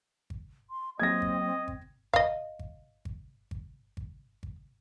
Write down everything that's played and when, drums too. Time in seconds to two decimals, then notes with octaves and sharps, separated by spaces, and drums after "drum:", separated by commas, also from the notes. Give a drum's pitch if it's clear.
0.30 drum: kick G#1
0.70 C6
1.00 F#3 A#3 C4 D#5 G#6 A#6
1.22 drum: kick G#1
1.68 drum: kick G#1
2.14 D#5 F5, drum: kick G#1
2.59 drum: kick G#1
3.05 drum: kick G#1
3.51 drum: kick G#1
3.97 drum: kick G#1
4.43 drum: kick G#1